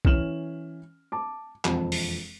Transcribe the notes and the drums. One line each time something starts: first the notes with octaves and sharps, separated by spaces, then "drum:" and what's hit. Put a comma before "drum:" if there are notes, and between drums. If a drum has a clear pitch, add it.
E3 C#4 F6 E7 F#7, drum: kick
A5 D6
E1 F2, drum: clap
drum: open hi-hat